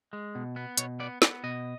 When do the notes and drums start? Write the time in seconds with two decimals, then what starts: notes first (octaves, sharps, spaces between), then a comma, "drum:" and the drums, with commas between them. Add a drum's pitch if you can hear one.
0.13 G#3
0.35 B2
0.56 B3
0.78 B2 C#5, drum: hi-hat
1.00 B3 D5
1.22 B3 D5, drum: snare
1.44 B2 D#5